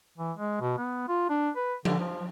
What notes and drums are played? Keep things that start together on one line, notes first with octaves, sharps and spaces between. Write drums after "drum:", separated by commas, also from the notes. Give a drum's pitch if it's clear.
E3
G#3
B2
B3
F4
D4
B4
D3, drum: tom F3
F3